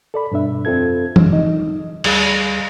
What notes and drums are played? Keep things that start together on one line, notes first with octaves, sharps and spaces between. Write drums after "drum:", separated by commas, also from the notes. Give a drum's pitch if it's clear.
A4 D5 B5
G2 B2 D4 E5
F2 C4 F4 A4 G#6
F#2 D3 F3 F#3 G#3 D4, drum: tom E3
D#4 D#5
D2 G3 G#4 F5 F#6, drum: cymbal